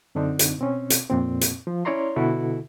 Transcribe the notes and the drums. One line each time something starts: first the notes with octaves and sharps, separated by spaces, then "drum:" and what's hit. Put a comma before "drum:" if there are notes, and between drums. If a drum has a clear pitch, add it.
F#2 D3 C4 D4 D#4
drum: hi-hat
B2 C4 C#4
drum: hi-hat
F2 A#2 C4
drum: hi-hat
F3
C#4 E4 C#5 D5 A#5 C6
B2 D3 E4 F#4 A4